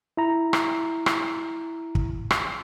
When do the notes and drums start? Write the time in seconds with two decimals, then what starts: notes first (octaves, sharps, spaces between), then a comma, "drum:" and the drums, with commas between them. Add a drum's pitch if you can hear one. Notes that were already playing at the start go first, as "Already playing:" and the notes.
0.17 E4 A#5
0.53 drum: rim click
1.06 drum: rim click
1.95 drum: kick
2.30 drum: rim click